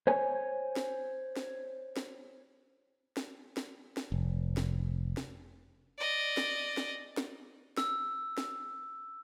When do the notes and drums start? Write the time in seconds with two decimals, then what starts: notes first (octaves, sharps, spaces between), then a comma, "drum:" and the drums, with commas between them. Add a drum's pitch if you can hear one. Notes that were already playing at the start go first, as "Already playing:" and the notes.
0.07 C5 C#5 G#5
0.76 drum: snare
1.36 drum: snare
1.97 drum: snare
3.17 drum: snare
3.57 drum: snare
3.97 drum: snare
4.12 F1
4.57 drum: snare
5.17 drum: snare
5.98 D5 D#5
6.37 drum: snare
6.77 drum: snare
7.17 drum: snare
7.77 E6, drum: snare
8.38 drum: snare